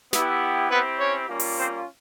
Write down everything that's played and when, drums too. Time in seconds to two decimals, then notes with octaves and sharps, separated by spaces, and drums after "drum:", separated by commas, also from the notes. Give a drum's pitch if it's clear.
0.13 B3 E4 G4, drum: snare
0.70 B3 C4 E4 G4 B4
0.99 C#4 C#5
1.29 G3 A#3 C#4 F4
1.40 drum: open hi-hat
1.57 C4 C5